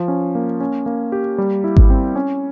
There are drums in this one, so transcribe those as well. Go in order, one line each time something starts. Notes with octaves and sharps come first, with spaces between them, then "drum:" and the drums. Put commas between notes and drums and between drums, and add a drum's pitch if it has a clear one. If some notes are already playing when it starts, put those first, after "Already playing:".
Already playing: F3
C#4
A#3
C#4
A#3
G4
G3
E4
drum: kick G#1
C4
C#4